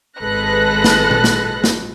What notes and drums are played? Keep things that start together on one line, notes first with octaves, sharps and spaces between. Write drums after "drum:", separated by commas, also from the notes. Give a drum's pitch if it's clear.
G#1 G#3 A4 B4 F#6 A#6
drum: snare
drum: tom A#2
drum: snare
drum: snare